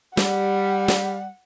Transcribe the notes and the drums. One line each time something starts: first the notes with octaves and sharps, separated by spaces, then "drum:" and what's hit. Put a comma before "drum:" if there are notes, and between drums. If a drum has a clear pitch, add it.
G3 F#5, drum: snare
drum: snare